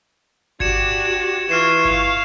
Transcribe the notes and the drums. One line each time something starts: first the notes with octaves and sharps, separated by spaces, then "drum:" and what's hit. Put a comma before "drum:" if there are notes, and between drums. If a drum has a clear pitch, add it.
D4 F#4 G4 G#6 C#7 E7, drum: kick G1
E3 F4 C#6 F6 C7 E7
F5, drum: kick G1